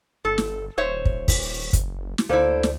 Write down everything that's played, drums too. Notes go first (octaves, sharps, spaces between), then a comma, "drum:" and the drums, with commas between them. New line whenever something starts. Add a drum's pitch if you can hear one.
G1 A4
drum: snare
D#1 C5 C#5 E5
drum: kick
drum: kick, open hi-hat
F#1, drum: kick, hi-hat
drum: snare
D2 A#3 E4 A4 C5 D5
drum: snare